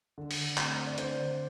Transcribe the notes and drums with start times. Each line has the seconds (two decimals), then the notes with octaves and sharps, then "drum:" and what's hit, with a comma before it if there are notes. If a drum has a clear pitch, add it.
0.18 D3
0.31 drum: open hi-hat
0.58 A3 C4, drum: clap
0.86 D5
0.98 D3 C5, drum: hi-hat